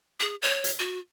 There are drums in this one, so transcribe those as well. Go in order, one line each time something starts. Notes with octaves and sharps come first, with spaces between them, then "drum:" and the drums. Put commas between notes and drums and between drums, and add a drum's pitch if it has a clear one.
G#4
C#5
drum: hi-hat
F#4